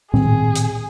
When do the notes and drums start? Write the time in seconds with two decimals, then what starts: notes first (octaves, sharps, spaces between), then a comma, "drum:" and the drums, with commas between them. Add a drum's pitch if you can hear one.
0.14 A#2 D#3 C4 G#4, drum: tom A2
0.55 drum: hi-hat